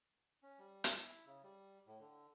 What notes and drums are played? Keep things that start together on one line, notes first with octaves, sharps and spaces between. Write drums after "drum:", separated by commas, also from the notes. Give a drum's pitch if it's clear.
C#4
G3
drum: hi-hat
E4
C#3
G3
A2
D3